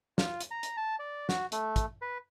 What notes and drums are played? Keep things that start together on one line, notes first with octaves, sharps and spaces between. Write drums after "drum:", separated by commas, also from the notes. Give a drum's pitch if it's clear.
F4, drum: snare
drum: hi-hat
A#5
drum: hi-hat
A5
D5
F#4, drum: snare
A3, drum: hi-hat
drum: kick, hi-hat
B4